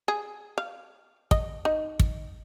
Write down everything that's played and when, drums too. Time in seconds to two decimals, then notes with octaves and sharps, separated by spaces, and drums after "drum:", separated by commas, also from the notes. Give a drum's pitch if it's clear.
0.08 G#4
0.58 F5
1.31 D#5, drum: kick
1.65 D#4
2.00 drum: kick